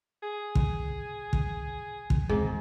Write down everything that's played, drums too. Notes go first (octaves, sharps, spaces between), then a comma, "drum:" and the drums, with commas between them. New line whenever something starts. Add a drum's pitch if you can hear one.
G#4
drum: kick
drum: kick
drum: kick
D#1 E2 G#2 C4